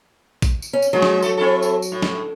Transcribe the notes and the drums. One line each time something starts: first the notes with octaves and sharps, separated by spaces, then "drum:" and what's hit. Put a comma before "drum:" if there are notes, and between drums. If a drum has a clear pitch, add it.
drum: kick A1, tambourine
drum: tambourine
C#4
drum: tambourine
F#3 G#3 G#4
drum: snare
A3 A4, drum: tambourine
C4 E4 A4
drum: tambourine
drum: tambourine
A2
drum: snare